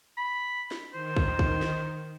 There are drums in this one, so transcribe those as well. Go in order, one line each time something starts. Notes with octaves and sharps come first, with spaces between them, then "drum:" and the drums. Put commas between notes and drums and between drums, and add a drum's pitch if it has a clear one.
B5
drum: snare
D#3 C5
drum: kick
drum: kick
drum: snare